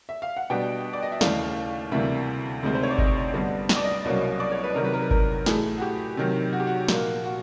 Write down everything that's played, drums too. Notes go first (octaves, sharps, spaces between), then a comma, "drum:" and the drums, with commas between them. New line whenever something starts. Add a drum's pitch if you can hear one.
E5
F5
F#5
B2 G3 B3 D4 G5
D5
D#5
E5
D#2 C#3 E3 A3 F5, drum: snare
D2 C3 E3 G3 A#3 E5
D2 C3 D#3 G#3 C4
C5
C#5
D5
D#5, drum: kick G1
G2 D3 G3 B3
D#5, drum: snare
D5
D#5
C2 B2 F#3 A#3 C#4
D5
C#5
B4
C3 D#3 F#3 A#4
B4
A#4
B4
A#4, drum: kick G1
A2 E3 A3 G#4, drum: snare
F#4
G4
C3 D#3 F#3
F#4
G4
F#4
A#2 F3 A#3, drum: snare
F#4